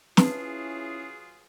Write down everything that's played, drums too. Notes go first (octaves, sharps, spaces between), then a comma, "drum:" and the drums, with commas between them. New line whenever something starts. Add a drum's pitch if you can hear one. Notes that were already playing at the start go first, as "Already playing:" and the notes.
F#3 C#4 E4 F4 G#4 B4 A5 C6, drum: snare